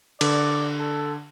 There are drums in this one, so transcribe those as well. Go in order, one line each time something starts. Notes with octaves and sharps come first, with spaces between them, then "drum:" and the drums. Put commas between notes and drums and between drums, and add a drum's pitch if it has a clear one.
D3 D5, drum: cymbal
A4